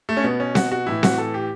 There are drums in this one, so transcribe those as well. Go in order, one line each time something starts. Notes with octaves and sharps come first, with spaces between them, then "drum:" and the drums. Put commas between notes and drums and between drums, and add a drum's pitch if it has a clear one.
A3
C#4
B2 B3
C#4
F#4, drum: snare C4
F#4
A2 E3 E4
F#4, drum: snare C4
A4
G4